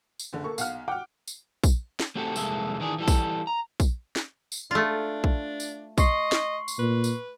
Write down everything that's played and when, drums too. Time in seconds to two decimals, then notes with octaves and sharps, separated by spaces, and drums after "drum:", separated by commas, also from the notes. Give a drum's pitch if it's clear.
0.19 drum: tambourine
0.33 F#1 D3
0.44 A#3 A4 C#6
0.58 B1 F5 F#5 F6, drum: tambourine
0.88 F#5 G5 D6 F6
1.28 drum: tambourine
1.64 drum: kick A#1, tambourine
2.00 drum: snare
2.15 A3 C4 F#4 G4 A4
2.36 C2 F2 G#3 A#3 A4 E5, drum: tambourine
2.80 D#3 E3 D4 G#4
2.98 E3 G3 A4
3.08 drum: kick A#1, tambourine
3.47 A#5
3.80 drum: kick A#1, tambourine
4.16 drum: snare
4.52 drum: tambourine
4.71 A3 D4 F4
5.24 drum: kick A#1
5.60 drum: tambourine
5.98 D#5 C6 C#6 C7, drum: kick A#1, tambourine
6.32 drum: snare
6.68 drum: tambourine
6.79 A#2 B4
7.04 drum: tambourine